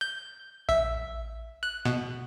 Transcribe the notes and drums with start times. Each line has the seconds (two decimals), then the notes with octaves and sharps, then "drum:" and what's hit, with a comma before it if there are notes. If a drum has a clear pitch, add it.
0.01 G6
0.69 E5, drum: kick A#1
1.63 F#6
1.85 B2, drum: snare